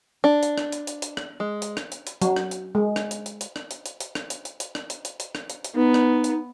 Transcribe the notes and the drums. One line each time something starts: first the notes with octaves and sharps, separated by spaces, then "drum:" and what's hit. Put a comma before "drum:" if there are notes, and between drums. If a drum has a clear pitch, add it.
D4
drum: hi-hat
drum: rim click
drum: hi-hat
drum: hi-hat
drum: hi-hat
drum: rim click
G#3
drum: hi-hat
drum: rim click
drum: hi-hat
drum: hi-hat
F#3, drum: hi-hat
drum: rim click
drum: hi-hat
G#3
drum: rim click
drum: hi-hat
drum: hi-hat
drum: hi-hat
drum: rim click
drum: hi-hat
drum: hi-hat
drum: hi-hat
drum: rim click
drum: hi-hat
drum: hi-hat
drum: hi-hat
drum: rim click
drum: hi-hat
drum: hi-hat
drum: hi-hat
drum: rim click
drum: hi-hat
drum: hi-hat
B3 D#4
drum: rim click
drum: hi-hat